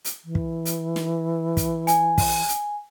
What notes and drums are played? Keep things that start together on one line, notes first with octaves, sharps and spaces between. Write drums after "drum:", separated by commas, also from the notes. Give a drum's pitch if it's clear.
drum: hi-hat
E3
drum: kick
drum: hi-hat
drum: snare
drum: kick, hi-hat
G#5, drum: hi-hat
drum: kick, open hi-hat
drum: hi-hat